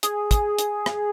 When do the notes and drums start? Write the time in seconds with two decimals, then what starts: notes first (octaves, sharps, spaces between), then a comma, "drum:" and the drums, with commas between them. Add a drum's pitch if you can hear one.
0.03 G#4, drum: hi-hat
0.31 drum: kick, hi-hat
0.59 drum: hi-hat
0.86 drum: rim click